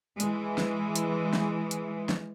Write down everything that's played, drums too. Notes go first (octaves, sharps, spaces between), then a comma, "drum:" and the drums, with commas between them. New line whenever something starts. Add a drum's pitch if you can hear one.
E3 G#3, drum: hi-hat
drum: snare
drum: hi-hat
drum: snare
drum: hi-hat
drum: snare